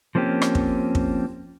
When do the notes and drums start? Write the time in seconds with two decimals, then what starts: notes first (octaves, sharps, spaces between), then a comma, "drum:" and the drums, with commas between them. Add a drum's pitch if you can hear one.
0.15 F3 A#3 C4 C#4 G4
0.42 drum: rim click
0.55 drum: kick
0.95 drum: kick